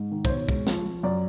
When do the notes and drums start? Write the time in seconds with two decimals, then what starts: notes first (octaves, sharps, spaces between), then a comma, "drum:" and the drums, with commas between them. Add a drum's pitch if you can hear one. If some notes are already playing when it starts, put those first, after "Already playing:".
Already playing: G#2
0.12 D#3
0.25 C5, drum: kick
0.29 B2 C#5
0.49 G#3, drum: kick
0.67 F3, drum: snare
0.85 F3
1.03 F#2 D5